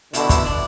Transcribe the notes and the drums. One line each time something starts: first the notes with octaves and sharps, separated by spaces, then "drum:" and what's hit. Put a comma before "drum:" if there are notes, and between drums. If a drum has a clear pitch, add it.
B2 D3 E4, drum: hi-hat
E4, drum: kick, hi-hat
D4